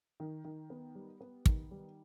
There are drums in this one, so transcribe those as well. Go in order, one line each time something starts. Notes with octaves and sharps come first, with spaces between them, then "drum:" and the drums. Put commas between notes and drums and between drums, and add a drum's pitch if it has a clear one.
D#3
D#3
B3
G3
B3
D#3, drum: kick
G3